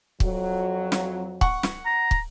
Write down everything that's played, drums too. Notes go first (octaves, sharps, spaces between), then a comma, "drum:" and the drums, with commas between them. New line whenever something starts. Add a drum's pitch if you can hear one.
F2 F#3, drum: kick
drum: snare
F#5 C#6, drum: kick
drum: snare
A#5
drum: kick